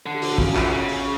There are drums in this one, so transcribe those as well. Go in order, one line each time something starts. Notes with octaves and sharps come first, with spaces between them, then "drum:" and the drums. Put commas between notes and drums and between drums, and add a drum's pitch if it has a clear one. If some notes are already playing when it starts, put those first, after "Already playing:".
D3
G4
F#4, drum: open hi-hat
G4
C#3 F#4, drum: kick
C#3 F4, drum: clap
C#3
drum: open hi-hat